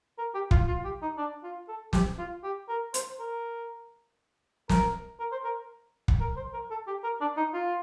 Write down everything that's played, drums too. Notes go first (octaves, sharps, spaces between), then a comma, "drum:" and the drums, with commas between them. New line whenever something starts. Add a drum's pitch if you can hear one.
A#4
G4
F4, drum: kick
F4
G4
D#4
D4
F4
A4
G4, drum: snare
F4
G4
A#4
C5, drum: hi-hat
A#4
A#4, drum: snare
A#4
C5
A#4
drum: kick
A#4
C5
A#4
A4
G4
A#4
D4
D#4
F4